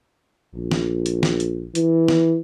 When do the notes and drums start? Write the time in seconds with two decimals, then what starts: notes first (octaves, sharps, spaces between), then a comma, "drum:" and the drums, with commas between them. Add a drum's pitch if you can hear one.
0.54 A#1
0.72 drum: snare
1.06 drum: hi-hat
1.23 drum: snare
1.40 drum: hi-hat
1.75 E3, drum: hi-hat
2.08 drum: snare